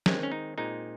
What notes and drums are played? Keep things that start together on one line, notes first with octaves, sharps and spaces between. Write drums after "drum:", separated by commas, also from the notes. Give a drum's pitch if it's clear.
D#3 G#3 C4 C#4, drum: snare
C#4
D#4
A#2 G#3 C4 D#4